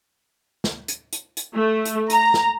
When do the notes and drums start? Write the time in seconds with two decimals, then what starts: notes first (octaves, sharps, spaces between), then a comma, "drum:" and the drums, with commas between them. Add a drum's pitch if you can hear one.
0.64 drum: snare
0.88 drum: hi-hat
1.13 drum: hi-hat
1.37 drum: hi-hat
1.54 A3
1.85 drum: hi-hat
2.10 A#5, drum: hi-hat
2.34 drum: snare